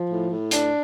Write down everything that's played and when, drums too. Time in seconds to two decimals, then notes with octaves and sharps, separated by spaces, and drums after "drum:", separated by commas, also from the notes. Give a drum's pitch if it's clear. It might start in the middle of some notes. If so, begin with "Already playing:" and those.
Already playing: F3
0.11 A2
0.30 A2
0.51 D4, drum: hi-hat